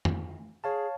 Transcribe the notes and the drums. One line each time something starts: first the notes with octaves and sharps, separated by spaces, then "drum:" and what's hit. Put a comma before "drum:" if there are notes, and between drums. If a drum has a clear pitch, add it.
drum: tom
G#4 C#5 F5 A5